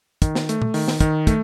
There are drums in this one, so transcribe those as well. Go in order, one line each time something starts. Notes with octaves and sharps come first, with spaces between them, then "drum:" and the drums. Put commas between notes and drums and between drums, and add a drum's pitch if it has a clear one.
D#3, drum: kick, hi-hat
drum: snare
A3, drum: hi-hat
drum: tom A#2
D#3, drum: open hi-hat
drum: snare
D#3, drum: kick, hi-hat
A3, drum: kick, hi-hat